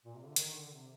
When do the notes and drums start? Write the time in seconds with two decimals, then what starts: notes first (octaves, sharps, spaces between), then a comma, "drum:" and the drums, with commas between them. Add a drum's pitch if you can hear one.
0.05 A#2
0.15 C3
0.25 D3
0.36 D#3, drum: hi-hat
0.55 D3
0.68 D3
0.72 C3